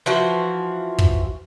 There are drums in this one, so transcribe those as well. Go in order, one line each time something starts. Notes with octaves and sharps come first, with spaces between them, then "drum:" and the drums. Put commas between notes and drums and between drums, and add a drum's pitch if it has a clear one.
E3 F3 F#4
drum: kick